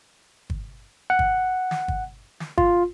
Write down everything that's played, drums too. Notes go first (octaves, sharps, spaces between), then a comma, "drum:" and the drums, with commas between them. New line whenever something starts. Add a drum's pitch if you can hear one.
drum: kick
F#5
drum: kick
drum: snare
drum: kick
drum: snare
F4, drum: kick